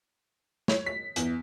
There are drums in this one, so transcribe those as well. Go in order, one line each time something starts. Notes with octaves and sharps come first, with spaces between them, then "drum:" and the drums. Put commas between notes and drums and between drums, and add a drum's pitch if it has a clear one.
C#5, drum: snare
B6
E2, drum: hi-hat